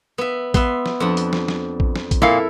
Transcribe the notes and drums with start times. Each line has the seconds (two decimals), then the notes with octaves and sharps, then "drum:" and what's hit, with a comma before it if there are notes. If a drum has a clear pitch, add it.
0.18 B3 E5
0.54 B3 E5 C6, drum: kick, hi-hat
0.86 drum: snare
1.00 F2 D4 F#5
1.17 drum: hi-hat
1.33 drum: snare
1.48 drum: snare
1.80 drum: kick
1.96 drum: snare
2.11 drum: kick, hi-hat
2.22 A#2 E4 A4 A#4 F5